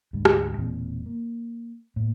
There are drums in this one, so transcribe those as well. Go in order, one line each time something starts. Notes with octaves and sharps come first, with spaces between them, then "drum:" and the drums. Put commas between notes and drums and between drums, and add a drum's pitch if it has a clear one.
D2 G#2 G3
drum: rim click
E1 A#2 E3 C4
A#3
A2 A#3